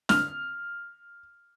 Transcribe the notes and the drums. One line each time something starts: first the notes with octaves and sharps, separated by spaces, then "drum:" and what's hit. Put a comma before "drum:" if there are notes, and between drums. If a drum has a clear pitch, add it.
F6, drum: snare